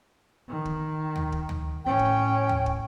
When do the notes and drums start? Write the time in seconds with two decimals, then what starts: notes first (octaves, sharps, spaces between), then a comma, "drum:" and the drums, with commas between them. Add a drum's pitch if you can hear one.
0.49 D#3
0.65 drum: kick
1.16 drum: tom D2
1.32 drum: kick
1.49 drum: tom D2
1.85 A2 C#4 G5
1.99 drum: kick
2.49 drum: tom D2
2.66 drum: kick